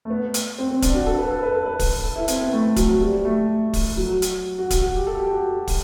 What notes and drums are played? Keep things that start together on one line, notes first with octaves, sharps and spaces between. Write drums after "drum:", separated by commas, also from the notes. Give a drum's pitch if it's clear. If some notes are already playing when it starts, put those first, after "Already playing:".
A3
B3
drum: hi-hat
C4
C4
D4, drum: kick, hi-hat
F#4
A4
B4
A4
B4
A4
B4
drum: kick, open hi-hat
A4
E4
C4, drum: hi-hat
B3
A3
F#3, drum: kick, hi-hat
G3
A3
drum: kick, open hi-hat
F#3
drum: hi-hat
F#4
drum: kick, hi-hat
F#4
G4
A4
G4
F#4
drum: kick, open hi-hat